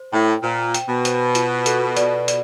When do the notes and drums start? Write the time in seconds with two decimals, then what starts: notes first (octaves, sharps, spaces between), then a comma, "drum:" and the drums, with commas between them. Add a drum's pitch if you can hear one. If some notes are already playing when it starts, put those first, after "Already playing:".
Already playing: C5
0.12 A2 G5
0.43 A#2 C5
0.74 G5, drum: hi-hat
0.89 B2
1.05 C5, drum: hi-hat
1.35 F4, drum: hi-hat
1.66 A4, drum: hi-hat
1.97 D5, drum: hi-hat
2.28 D5, drum: hi-hat